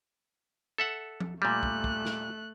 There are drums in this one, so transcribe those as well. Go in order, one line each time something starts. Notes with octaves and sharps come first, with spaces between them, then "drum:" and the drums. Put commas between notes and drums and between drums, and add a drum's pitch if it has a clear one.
A4 E5 F#5
drum: tom F3
A#2 G3 A3 F#6
drum: kick
drum: kick
drum: snare